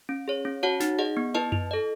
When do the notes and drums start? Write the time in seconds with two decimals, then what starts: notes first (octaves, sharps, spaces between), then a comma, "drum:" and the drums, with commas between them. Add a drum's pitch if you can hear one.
0.09 C#4
0.28 G#4 C#5
0.45 C#4
0.63 F#4 C#5 F#5 A5
0.80 D#4, drum: snare
0.99 G#4 D#5 F#5
1.17 B3
1.34 E4 B4 D#5 A5
1.52 E4, drum: tom F#2
1.71 A4 D#5